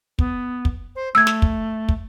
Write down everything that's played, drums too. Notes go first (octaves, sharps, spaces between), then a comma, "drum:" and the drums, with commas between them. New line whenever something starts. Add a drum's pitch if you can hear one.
B3, drum: kick
drum: kick
C5
A3 E6 G#6
drum: snare
drum: kick
drum: kick